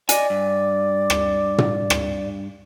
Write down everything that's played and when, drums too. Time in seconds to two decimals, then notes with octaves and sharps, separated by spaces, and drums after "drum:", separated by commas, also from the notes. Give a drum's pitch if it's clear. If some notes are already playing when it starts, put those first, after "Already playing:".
0.09 D5 D#5 G#5, drum: hi-hat
0.30 G2
1.10 drum: rim click
1.58 drum: tom
1.90 drum: rim click